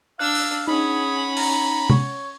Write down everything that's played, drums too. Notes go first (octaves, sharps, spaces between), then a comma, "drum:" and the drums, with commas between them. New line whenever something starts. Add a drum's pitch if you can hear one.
D4 F5 E6 F#6
drum: open hi-hat
C#4 D#4 G#4 F#5 B5
A#5, drum: open hi-hat
C#5, drum: tom